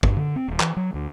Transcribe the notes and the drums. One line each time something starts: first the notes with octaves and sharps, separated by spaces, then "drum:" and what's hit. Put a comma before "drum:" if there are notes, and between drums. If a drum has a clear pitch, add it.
G2, drum: kick
D3
C4
D#1
E3, drum: clap
F#3
D2